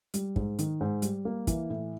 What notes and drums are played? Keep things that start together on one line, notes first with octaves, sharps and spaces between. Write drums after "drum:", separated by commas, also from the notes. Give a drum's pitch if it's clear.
G3, drum: hi-hat
G#2, drum: kick
D#3, drum: hi-hat
G#2
G3, drum: hi-hat
A#3
E3, drum: kick, hi-hat
A2